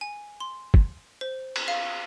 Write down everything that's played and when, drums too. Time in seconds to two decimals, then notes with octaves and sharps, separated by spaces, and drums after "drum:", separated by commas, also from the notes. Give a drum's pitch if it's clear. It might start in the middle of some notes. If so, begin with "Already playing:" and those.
0.01 G#5
0.40 C6
0.74 drum: kick
1.21 C5
1.56 drum: cymbal
1.68 F5